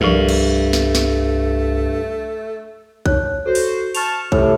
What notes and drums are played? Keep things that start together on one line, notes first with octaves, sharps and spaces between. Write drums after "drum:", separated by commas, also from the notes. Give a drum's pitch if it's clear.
C2 G2 F3 G3 A3 A#4
drum: cymbal
drum: snare
drum: snare
D#4 C#5 F#6, drum: kick
F#4 A4 C5
drum: open hi-hat
A5 C#6 F6 F7, drum: open hi-hat
A2 C3, drum: kick